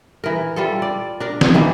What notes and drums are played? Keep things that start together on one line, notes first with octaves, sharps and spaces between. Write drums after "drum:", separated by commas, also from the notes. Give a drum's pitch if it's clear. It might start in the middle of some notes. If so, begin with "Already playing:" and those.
E3 A#4
G3 F4 A4
D5
D4 A#4
drum: snare
D#3 E3 A#3